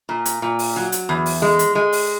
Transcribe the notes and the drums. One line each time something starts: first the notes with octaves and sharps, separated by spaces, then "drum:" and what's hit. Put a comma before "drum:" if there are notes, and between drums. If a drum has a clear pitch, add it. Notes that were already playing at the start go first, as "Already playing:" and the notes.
A#2
drum: hi-hat
A#2
drum: open hi-hat
F#3
drum: hi-hat
E2
drum: open hi-hat
G#3
drum: hi-hat
G#3
drum: open hi-hat